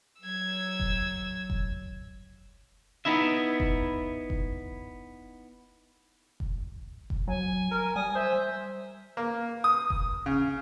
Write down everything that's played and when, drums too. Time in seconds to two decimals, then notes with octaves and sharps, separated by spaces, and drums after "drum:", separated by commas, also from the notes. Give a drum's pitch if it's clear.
0.21 F#3 E6 G#6
0.80 drum: kick F1
1.50 drum: kick F1
3.05 B3 D#4 E4 E5
3.60 drum: kick F1
4.30 drum: kick F1
6.40 drum: kick F1
7.10 drum: kick F1
7.28 F#3 G#5
7.71 A#4
7.96 G3 G#5 D#6
8.15 C5 E5
9.17 A#3
9.64 D#6
9.90 drum: kick F1
10.26 C#3